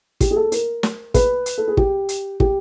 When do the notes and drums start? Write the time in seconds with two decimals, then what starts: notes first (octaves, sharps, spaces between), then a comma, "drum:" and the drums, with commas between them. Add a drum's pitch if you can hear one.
0.21 G4, drum: kick, hi-hat
0.31 G#4
0.36 A4
0.52 A#4, drum: hi-hat
0.83 drum: snare
1.14 B4, drum: kick, hi-hat
1.46 drum: hi-hat
1.58 A4
1.68 G#4
1.77 G4, drum: kick
2.09 drum: hi-hat
2.40 G4, drum: kick